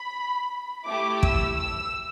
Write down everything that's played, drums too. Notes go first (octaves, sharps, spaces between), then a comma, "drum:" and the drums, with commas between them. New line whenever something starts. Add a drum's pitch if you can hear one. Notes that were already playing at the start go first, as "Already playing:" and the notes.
Already playing: B5
A3 E4 G4 D6
E6, drum: kick
E6